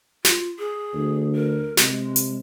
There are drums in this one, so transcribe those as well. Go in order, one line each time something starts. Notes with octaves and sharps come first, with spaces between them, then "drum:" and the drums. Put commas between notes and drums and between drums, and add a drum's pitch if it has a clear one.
F4, drum: snare
G#4
D2
A#4
C3 G#3, drum: snare
drum: hi-hat